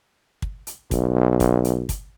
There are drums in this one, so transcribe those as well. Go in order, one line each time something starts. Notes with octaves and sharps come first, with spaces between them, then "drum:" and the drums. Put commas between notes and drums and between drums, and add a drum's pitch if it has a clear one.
drum: kick
drum: hi-hat
B1, drum: kick, hi-hat
drum: kick, hi-hat
drum: hi-hat
drum: kick, hi-hat